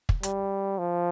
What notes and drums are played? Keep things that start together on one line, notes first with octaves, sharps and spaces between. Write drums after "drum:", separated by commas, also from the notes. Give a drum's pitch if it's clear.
drum: kick
G3, drum: hi-hat
F3